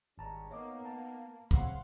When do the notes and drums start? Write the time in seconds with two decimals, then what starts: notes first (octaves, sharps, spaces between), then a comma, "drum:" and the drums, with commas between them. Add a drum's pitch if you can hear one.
0.18 G#1 G2 G#3 C#4 A5 A#5
0.51 A#3 B3 D#4 C#5 D#5 D6
0.85 A5
1.51 A#1 C#3 C4 C#4 E4 F5 F#5 C6, drum: kick